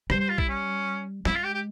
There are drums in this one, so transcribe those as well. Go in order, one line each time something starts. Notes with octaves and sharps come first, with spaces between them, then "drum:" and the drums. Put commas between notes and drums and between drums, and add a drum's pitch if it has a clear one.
G3 C5, drum: rim click
C5
F4
E4, drum: kick
C#4
G#3 E4, drum: snare
F4
G4
G4